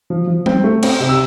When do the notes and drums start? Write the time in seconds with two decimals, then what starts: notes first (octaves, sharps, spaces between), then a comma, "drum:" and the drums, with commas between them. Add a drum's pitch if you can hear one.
0.10 F3
0.27 F3
0.46 C4, drum: tom G3
0.64 A3
0.83 C4, drum: cymbal
1.00 C3
1.09 E6